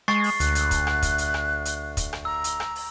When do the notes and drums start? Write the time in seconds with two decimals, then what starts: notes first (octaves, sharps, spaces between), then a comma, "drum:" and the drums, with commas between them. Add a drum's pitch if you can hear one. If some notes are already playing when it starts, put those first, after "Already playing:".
0.08 G#3 C#6 A6 C7, drum: rim click
0.24 drum: open hi-hat
0.40 D2 F#6, drum: hi-hat
0.55 drum: hi-hat
0.71 drum: kick, hi-hat
0.87 drum: rim click
1.02 drum: kick, hi-hat
1.18 drum: hi-hat
1.34 drum: rim click
1.65 drum: hi-hat
1.97 drum: kick, hi-hat
2.13 drum: rim click
2.25 A#5 E6
2.44 drum: hi-hat
2.60 drum: rim click
2.76 drum: open hi-hat